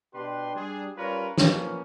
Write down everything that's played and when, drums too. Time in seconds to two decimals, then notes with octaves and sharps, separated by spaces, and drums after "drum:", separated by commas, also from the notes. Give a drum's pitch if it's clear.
0.14 B2 D4 G4 B4 C6
0.54 G3 D4 G#4
0.97 G3 C#4 F4 A#4 B4 C#5
1.38 F3 A#3 B3 C#4, drum: snare